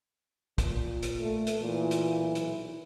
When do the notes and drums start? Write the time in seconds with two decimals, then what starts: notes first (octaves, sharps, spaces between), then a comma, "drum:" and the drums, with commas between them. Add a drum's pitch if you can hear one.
0.58 A#2, drum: kick, hi-hat
1.02 drum: hi-hat
1.20 A3
1.47 drum: hi-hat
1.61 A#2 E3
1.91 drum: hi-hat
2.18 B1
2.35 drum: hi-hat